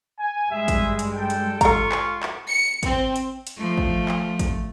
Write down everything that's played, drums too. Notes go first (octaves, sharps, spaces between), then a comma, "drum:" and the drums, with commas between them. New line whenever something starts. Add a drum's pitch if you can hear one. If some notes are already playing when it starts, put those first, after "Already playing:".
G#5
G2 G3 G#3 G#4 E5
drum: kick, hi-hat
drum: hi-hat
A4 G5
drum: hi-hat
F4 A4 F5 A#5 C#6, drum: kick, hi-hat
drum: clap
drum: clap
C#7
C4, drum: kick, hi-hat
drum: hi-hat
drum: hi-hat
F3 A3
drum: kick
drum: clap
drum: kick, hi-hat